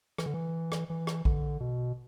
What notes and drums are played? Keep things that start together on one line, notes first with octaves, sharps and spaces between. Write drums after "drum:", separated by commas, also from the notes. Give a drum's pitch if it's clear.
E3, drum: rim click
D3
E3
drum: rim click
E3
drum: rim click
D3, drum: kick A#1
B2